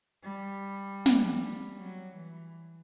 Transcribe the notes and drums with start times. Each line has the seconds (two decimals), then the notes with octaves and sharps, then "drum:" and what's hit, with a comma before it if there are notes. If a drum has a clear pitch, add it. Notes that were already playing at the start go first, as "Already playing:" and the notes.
0.24 G3
1.06 drum: snare
1.78 F#3
2.16 E3